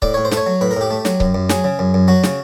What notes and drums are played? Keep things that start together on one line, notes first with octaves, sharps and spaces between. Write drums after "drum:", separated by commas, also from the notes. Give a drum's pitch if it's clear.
A2 D5, drum: kick C#1
A2 C#5
C5
A3, drum: snare
C#5
F#3
A2 B4
A#4
A2 G4
A3
F#3, drum: snare
F#2, drum: kick C#1
F#2
F#3 G#4, drum: snare
C#3
F#2
F#2
F#3 F#4
C#3, drum: snare